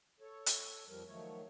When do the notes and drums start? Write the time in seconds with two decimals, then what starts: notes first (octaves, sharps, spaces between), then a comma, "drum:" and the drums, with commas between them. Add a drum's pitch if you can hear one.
0.20 A4 C#5
0.46 drum: hi-hat
0.88 F2 F3 G3 A#4
1.07 D#3 F3 F#3 A3 C#5